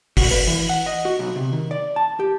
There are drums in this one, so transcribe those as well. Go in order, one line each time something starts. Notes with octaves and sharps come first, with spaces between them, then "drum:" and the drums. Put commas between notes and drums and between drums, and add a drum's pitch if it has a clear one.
F#4, drum: kick, open hi-hat
B4
E3
F#5
D#5
F#4
B1
C3
D#3
D5
A5
G4